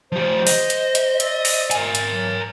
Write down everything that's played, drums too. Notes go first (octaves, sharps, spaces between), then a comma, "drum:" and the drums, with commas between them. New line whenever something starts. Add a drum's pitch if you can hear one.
F3 G4 C5
D#5, drum: open hi-hat
drum: hi-hat
drum: hi-hat
C5 D5 E5, drum: hi-hat
drum: open hi-hat
A#4 G#5, drum: hi-hat
drum: hi-hat
E3 F#3